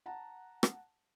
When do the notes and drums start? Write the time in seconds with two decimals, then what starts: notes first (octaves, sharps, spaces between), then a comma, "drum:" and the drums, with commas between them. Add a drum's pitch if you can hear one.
0.06 F#5 A5 A#5
0.63 drum: rim click